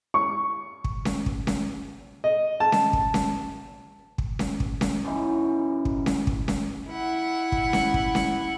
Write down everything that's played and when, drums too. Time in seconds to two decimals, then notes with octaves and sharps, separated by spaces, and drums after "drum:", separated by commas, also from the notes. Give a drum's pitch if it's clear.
0.14 C#6
0.84 drum: kick
1.05 drum: snare C#4
1.26 drum: kick
1.47 drum: snare C#4
2.24 D#5
2.60 A5
2.72 drum: snare C#4
2.93 drum: kick
3.14 drum: snare C#4
4.18 drum: kick
4.39 drum: snare C#4
4.60 drum: kick
4.81 drum: snare C#4
5.05 F#2 B2 E3 D#4
5.85 drum: kick
6.06 drum: snare C#4
6.27 drum: kick
6.48 drum: snare C#4
6.90 E4 F#5
7.52 drum: kick
7.73 drum: snare C#4
7.94 drum: kick
8.15 drum: snare C#4